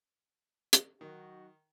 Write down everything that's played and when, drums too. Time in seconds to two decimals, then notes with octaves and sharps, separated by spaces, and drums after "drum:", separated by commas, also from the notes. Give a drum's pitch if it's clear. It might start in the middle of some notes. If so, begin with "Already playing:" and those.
0.73 drum: hi-hat
1.01 D#3 F#3 D#4 F#4